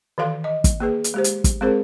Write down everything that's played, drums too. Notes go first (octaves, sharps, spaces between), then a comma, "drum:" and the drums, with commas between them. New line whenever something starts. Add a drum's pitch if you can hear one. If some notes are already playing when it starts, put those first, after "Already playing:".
D#3 E3 A4 F5 C6
D#5
drum: kick, hi-hat
A#3 G#4 B4
drum: hi-hat
G#3 G4 C5
drum: hi-hat
drum: kick, hi-hat
G#3 C4 G#4 A#4 C5